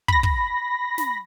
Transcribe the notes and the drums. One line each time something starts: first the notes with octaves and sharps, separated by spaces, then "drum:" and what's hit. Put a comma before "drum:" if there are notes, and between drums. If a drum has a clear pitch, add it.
B5 A#6, drum: kick
drum: kick
drum: snare